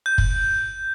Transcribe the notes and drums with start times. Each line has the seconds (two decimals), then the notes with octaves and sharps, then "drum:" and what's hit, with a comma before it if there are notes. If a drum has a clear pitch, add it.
0.06 G6
0.18 drum: kick